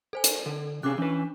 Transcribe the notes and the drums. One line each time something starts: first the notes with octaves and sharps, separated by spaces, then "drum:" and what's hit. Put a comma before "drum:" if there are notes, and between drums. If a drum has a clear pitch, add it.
A4 C5 G#5
drum: hi-hat
D3 A4
C3 C#4 G#4 D6 F#6
E3 C#4 D4 B4